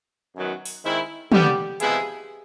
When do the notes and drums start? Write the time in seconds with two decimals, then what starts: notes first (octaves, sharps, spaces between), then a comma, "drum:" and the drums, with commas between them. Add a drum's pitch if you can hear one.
0.35 F#2 D#3 F#3 B3
0.65 drum: open hi-hat
0.84 D#3 G#3 C4 E4
1.32 D3 G3 B3 G4, drum: tom
1.80 C3 F3 G#3 B3 E4 G#4, drum: hi-hat